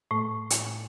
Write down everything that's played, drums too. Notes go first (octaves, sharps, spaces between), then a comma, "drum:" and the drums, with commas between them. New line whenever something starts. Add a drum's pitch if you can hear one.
A2 A3
drum: hi-hat